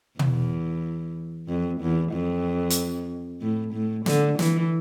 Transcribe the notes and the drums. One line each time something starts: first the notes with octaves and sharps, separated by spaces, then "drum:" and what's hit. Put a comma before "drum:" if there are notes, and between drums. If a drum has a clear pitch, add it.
E2, drum: tom
F2
E2
F2
drum: hi-hat
A2
A2
D3, drum: snare
E3, drum: snare